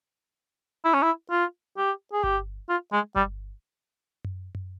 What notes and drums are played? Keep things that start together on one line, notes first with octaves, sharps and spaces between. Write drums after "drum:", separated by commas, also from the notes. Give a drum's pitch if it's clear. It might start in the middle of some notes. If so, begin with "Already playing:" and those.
E4
C#4
E4
F4
G4
G#4
G4, drum: kick G1
F4
G#3
G3, drum: kick G1
drum: tom F#2
drum: tom F#2